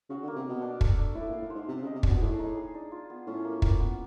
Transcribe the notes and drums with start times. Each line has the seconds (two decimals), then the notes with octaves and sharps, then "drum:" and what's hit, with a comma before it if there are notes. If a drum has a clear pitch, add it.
0.10 C#3 F#4
0.23 D3
0.28 A#3
0.36 C3
0.45 B2 A#3
0.62 D4
0.81 A4, drum: kick
0.98 D4
1.15 A2 E4
1.28 A#2
1.33 F5
1.42 A2
1.50 G#2 C5
1.68 C3 G4
1.82 C#3
1.87 D#5
1.95 C3
2.03 D4, drum: kick
2.08 B2
2.21 A2 G#4
2.39 D#4
2.57 G#4
2.74 D4
2.92 F4
3.10 B3
3.27 A2 C#4
3.45 A#3
3.62 A#3, drum: kick
3.80 B3